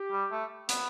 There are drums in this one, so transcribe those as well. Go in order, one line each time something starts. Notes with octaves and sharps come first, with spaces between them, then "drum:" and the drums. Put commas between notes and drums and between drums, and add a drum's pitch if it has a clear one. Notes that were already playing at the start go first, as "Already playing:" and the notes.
Already playing: G4
G3
A3
B3, drum: hi-hat